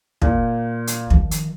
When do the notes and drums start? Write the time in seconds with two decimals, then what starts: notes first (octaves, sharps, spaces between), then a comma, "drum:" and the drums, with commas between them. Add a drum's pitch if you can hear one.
0.22 A#2, drum: kick
0.87 drum: hi-hat
1.10 D#3 F3, drum: kick
1.31 drum: hi-hat